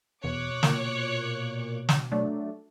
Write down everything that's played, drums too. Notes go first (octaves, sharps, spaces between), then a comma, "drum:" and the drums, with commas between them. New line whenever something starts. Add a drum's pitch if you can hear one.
E2 B2 C#5 D6 F#6
A#2, drum: snare
drum: snare
F#3 A3 D4